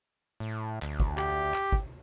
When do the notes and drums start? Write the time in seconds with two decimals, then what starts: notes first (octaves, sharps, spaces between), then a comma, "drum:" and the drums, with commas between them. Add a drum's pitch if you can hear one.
0.40 A2
0.82 D2, drum: clap
1.00 drum: kick
1.18 G4, drum: clap
1.54 drum: clap
1.72 drum: kick